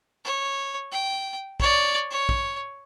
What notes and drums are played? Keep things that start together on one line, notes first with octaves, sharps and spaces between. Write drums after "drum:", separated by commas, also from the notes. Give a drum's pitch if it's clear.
C#5
G5
C#5 D5, drum: kick
C#5
drum: kick